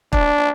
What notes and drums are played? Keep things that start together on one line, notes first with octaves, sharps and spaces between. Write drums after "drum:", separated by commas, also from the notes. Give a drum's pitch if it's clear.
D4, drum: kick